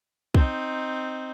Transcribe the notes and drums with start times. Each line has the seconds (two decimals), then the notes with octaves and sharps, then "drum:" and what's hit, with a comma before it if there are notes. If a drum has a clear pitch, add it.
0.34 C4 D#4, drum: kick